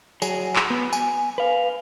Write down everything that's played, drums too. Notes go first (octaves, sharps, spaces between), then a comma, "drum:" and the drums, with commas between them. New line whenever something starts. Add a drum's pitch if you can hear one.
F#3 G#4, drum: tambourine
drum: clap
B3
G#5, drum: tambourine
B4 F5